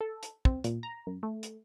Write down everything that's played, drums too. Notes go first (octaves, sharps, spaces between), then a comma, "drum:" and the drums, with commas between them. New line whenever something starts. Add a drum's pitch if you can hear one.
A4
drum: hi-hat
C4, drum: kick
A#2, drum: hi-hat
A#5
F#2
A3
drum: hi-hat